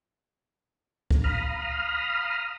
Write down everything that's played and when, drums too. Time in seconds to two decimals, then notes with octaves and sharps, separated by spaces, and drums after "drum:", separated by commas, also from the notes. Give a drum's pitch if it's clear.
1.11 drum: kick C#2
1.24 F5 A#5 B5 D#6 F6